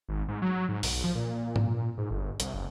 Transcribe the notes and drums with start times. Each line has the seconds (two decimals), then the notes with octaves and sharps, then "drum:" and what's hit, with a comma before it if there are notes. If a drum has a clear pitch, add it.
0.08 G#1
0.28 G#2
0.42 F#3
0.69 G#2
0.83 B1, drum: open hi-hat
1.04 F3
1.15 A#2
1.56 drum: tom G#2
1.98 G#2
2.11 G1
2.40 C2, drum: hi-hat
2.54 F#1